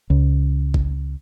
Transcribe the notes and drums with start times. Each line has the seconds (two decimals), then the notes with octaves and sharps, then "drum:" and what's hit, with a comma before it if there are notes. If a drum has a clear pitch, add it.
0.10 C#2
0.74 drum: kick G#1